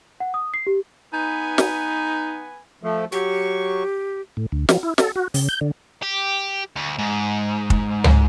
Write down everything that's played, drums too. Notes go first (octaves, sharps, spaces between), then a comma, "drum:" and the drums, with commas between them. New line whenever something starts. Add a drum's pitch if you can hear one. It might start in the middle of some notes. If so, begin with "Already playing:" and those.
F#5
D#6
C7
G4
B3 D#4 B4 G#5
drum: snare
F3 A3
F#3 G4 C#6
A2
D2
F3, drum: snare
E4
A4, drum: snare
F#4
C#3, drum: open hi-hat
G6
D3
G4
D2
G#2
drum: kick
drum: tom C#2